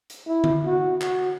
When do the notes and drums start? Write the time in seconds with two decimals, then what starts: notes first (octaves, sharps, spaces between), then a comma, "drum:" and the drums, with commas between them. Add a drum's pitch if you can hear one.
0.10 drum: hi-hat
0.27 E4
0.44 drum: tom D3
0.66 F#4
1.01 F#4, drum: clap